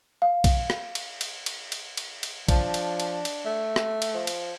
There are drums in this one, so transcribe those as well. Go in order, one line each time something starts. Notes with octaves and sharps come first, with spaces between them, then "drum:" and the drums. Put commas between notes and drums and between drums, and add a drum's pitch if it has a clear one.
F5
drum: kick, cymbal
drum: rim click
drum: cymbal
drum: cymbal
drum: cymbal
drum: cymbal
drum: cymbal
drum: cymbal
F3 D4, drum: kick, cymbal
drum: cymbal
drum: cymbal
drum: cymbal
A3
drum: rim click
drum: cymbal
F3
drum: cymbal